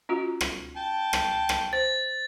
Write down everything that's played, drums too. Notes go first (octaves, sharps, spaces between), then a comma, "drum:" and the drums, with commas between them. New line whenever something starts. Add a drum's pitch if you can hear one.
C#4 F4 F#4
drum: rim click
G5 A5
drum: rim click
drum: rim click
C5 A6